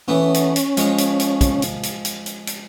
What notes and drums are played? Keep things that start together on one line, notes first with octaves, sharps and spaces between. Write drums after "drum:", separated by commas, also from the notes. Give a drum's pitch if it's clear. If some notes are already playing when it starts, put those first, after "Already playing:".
E3 A3 B3 C#4
drum: hi-hat
drum: hi-hat
F3 G#3 C#5, drum: hi-hat
drum: hi-hat
drum: hi-hat
drum: kick, hi-hat
drum: hi-hat
drum: hi-hat
drum: hi-hat
drum: hi-hat
drum: hi-hat